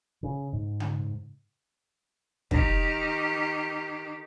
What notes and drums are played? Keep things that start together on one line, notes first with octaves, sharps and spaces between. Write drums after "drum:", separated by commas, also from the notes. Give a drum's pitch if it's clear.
C#3
G#2
drum: tom C#3
D#3 G4, drum: kick